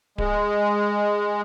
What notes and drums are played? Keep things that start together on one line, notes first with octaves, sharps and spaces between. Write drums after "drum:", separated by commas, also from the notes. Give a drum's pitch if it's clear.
G#3, drum: kick D1